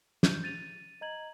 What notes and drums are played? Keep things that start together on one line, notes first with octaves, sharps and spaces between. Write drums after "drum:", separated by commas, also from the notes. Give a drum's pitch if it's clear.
G6, drum: snare
A6 D#7 F7
D#5 A#5 G#6 F#7